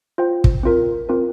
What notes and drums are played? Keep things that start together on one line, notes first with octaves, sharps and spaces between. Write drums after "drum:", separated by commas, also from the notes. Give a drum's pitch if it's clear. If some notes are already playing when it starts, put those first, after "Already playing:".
F4 C5 G5
drum: kick
C4 F4 A#4
C4 F4 A#4